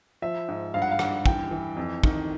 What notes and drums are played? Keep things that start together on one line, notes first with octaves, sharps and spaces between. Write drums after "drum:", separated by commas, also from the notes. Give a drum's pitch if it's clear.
F3 E5
G#2
G2 F5
F#5
F5
G2 F#5, drum: rim click
E3 G5, drum: kick
E3
F2
D#3, drum: kick